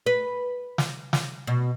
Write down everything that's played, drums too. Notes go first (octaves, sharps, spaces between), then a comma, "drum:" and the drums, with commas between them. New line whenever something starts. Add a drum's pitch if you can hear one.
B4
drum: snare
drum: snare
B2